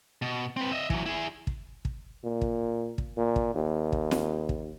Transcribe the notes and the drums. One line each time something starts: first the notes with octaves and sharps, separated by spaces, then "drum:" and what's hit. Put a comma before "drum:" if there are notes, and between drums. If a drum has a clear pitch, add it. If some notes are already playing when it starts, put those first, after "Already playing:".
B2
C4 B4
D#5 E5
E3 F#3, drum: kick
E4 G#4
drum: kick
drum: kick
A#2
drum: kick
drum: kick
A#2
drum: kick
D#2
drum: kick
drum: snare
drum: kick